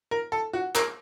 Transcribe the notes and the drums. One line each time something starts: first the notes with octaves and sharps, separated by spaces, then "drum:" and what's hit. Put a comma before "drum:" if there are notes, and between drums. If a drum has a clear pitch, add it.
A#4
A4
F#4
A#4, drum: clap